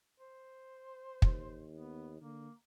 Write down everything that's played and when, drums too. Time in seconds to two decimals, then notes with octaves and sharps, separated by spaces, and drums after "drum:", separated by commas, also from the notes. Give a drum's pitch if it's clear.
0.20 C5
1.22 D#2, drum: kick
1.74 B3
2.21 D3 A#3